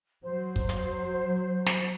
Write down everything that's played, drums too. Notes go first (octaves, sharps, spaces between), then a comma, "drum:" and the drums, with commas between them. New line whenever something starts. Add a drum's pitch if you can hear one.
F#3 C5
drum: kick
drum: hi-hat
drum: snare